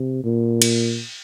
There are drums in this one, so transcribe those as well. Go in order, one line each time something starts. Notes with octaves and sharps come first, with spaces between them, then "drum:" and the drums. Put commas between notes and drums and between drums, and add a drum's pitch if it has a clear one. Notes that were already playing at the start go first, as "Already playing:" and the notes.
Already playing: C3
A#2
drum: cymbal